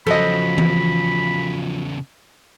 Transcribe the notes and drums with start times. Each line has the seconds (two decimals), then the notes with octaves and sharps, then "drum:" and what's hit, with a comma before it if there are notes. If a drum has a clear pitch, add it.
0.07 E2 C#3 F3 F#3 A4 D#5 B5
0.58 drum: tom E3